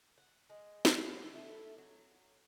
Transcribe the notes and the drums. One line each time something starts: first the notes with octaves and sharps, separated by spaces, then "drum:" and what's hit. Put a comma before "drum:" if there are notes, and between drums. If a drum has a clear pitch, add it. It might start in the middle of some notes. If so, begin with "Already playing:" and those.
F#5
G#3
F4, drum: snare
A3 E4 A4
F#3